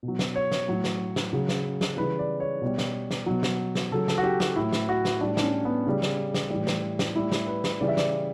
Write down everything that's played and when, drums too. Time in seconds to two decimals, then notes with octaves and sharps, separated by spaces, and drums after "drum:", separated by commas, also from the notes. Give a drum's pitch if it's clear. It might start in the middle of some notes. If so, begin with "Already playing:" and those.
0.03 B2
0.08 F#3
0.19 drum: snare
0.36 C#5
0.52 drum: snare
0.68 A2 F#3
0.84 drum: snare
1.16 drum: snare
1.33 C#3 F#3
1.49 drum: snare
1.81 drum: snare
1.97 C#3 E3 G3 B4
2.19 D5
2.40 C#5
2.62 B2 G3
2.78 drum: snare
3.11 drum: snare
3.26 B2 F#3
3.43 drum: snare
3.75 drum: snare
3.91 C#3 F#3 A4
4.08 A4, drum: snare
4.18 F#4
4.23 G4
4.40 G4, drum: snare
4.56 A2 F#3 E4
4.73 drum: snare
4.89 F#4
5.05 drum: snare
5.21 A2 G3 D4
5.37 D4, drum: snare
5.43 C#4
5.65 B3
5.86 C#3 G3
6.02 drum: snare
6.34 drum: snare
6.50 A2 E3 G3
6.67 drum: snare
6.99 drum: snare
7.15 A2 G3 E4
7.32 drum: snare
7.47 B4
7.64 drum: snare
7.80 C#3 E3 G3 D5
7.88 E5
7.97 D5, drum: snare